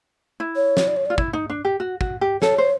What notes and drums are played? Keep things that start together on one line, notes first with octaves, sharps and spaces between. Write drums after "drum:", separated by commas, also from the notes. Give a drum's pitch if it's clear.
E4
C#5
drum: snare
D5
C#5
F4 D5
E4, drum: kick
D#4
D4
G4
F#4
F#4, drum: kick
G4
A4 C#5, drum: snare
C5